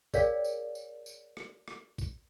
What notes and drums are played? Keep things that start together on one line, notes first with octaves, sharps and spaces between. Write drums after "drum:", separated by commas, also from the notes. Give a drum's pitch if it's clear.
G#4 A#4 C#5 D5 F5 G5, drum: kick, tambourine
drum: tambourine
drum: tambourine
drum: tambourine
drum: rim click
drum: rim click
drum: kick, tambourine